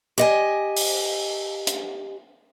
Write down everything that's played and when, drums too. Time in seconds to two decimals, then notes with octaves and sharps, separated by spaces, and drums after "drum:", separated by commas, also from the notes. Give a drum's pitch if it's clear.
0.18 G4 D#5 G#5
0.77 drum: open hi-hat
1.67 drum: hi-hat